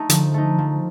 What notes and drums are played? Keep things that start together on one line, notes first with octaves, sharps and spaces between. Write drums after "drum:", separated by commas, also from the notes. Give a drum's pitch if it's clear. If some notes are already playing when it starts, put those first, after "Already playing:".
Already playing: A3 D#4
D3 F3, drum: hi-hat
A3 D#4
F3